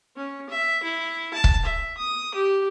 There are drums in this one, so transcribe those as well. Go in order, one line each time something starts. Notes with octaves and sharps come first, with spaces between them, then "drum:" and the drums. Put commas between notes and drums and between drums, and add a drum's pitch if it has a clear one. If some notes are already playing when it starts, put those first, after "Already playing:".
C#4
E5
E4
A5
drum: kick
E5
D#6
G4